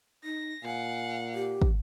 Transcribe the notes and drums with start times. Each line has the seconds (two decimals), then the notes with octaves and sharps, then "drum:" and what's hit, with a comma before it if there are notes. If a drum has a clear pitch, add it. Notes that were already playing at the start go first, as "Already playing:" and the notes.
0.24 D#4 A#6
0.64 A#2 F5 F#5 G#5
1.34 G4
1.62 drum: kick